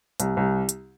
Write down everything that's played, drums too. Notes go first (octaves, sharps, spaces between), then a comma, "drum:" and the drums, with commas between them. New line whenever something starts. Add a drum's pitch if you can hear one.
C2, drum: hi-hat
C2
drum: hi-hat